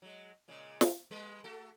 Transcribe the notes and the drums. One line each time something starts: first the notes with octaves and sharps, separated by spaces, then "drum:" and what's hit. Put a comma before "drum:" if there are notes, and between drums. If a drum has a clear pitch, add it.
F#3 G#3
A#2 C#3 G#3
drum: snare
G3 G#3 B4
A3 F#4 A4